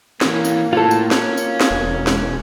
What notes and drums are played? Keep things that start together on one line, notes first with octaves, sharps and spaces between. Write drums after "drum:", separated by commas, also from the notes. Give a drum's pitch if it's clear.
E3 A#3 C#4, drum: snare
drum: tambourine
A2 F4 A4
drum: tambourine
C#4, drum: snare
drum: tambourine
drum: snare
E1
drum: snare